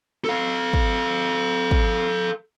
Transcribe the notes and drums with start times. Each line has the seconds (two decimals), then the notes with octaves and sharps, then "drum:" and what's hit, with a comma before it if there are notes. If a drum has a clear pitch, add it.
0.24 A4 F5
0.73 drum: kick
1.71 drum: kick